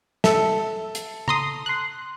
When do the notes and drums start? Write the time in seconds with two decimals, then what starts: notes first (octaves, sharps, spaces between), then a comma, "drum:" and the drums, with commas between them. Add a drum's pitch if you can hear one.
0.24 A4 E5, drum: snare
0.95 drum: hi-hat
1.28 A#5 C6 D#6, drum: tom C#3
1.66 C6 F#6